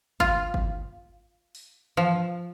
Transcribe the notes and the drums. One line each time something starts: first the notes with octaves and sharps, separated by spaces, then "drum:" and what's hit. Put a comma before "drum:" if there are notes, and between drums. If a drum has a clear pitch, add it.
F4, drum: kick G1
drum: kick G1
drum: open hi-hat
F3